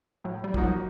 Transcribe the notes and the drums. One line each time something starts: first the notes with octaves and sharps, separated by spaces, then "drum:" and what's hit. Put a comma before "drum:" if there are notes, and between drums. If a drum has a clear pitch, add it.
A2 F#3
G3
F3 A#3 D#4 F#4, drum: kick
F#3